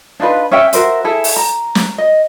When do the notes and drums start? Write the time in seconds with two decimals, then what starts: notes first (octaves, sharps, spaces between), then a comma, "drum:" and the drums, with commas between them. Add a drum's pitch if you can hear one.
0.20 D4 D#4 F4 B4
0.51 C#4 C#5 E5 G5
0.73 F#4 A#4 C5 E5, drum: hi-hat
1.04 E4 G#4 A4
1.24 drum: open hi-hat
1.36 A#5
1.75 drum: snare
1.98 D#5